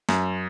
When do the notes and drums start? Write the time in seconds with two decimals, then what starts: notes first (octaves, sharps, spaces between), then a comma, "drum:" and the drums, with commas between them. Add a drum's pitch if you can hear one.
0.09 F#2, drum: snare